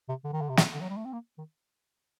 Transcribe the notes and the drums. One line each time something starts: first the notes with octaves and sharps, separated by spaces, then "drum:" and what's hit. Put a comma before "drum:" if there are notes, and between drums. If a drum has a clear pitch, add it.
C3
D3
D#3
D3
C3
A#2, drum: snare
D3
F#3
G3
A3
C4
A#3
D#3